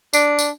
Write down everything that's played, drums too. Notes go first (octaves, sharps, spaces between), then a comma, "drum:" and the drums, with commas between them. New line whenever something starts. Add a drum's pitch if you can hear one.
D4, drum: tambourine
drum: tambourine